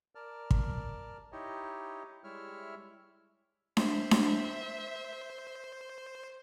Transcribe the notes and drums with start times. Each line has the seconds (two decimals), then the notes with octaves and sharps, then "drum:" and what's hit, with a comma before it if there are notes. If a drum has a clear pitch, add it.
0.15 A#4 D5 A5 F6
0.51 drum: kick
1.32 D#4 E4 G4 C#5 D#5
2.24 G3 G#3 E4 C#5 E5 F6
3.77 C5 E5, drum: snare D4
4.11 drum: snare D4